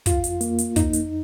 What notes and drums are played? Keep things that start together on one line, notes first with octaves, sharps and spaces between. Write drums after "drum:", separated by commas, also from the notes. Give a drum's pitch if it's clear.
F2 F4, drum: kick, hi-hat
drum: hi-hat
A#3, drum: hi-hat
drum: hi-hat
F2 D#4, drum: kick, hi-hat
drum: hi-hat